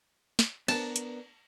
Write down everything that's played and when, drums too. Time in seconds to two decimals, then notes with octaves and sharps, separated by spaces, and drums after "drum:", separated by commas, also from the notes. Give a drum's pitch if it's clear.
0.39 drum: snare
0.68 B3 D4 A#4 A5, drum: cymbal
0.96 drum: hi-hat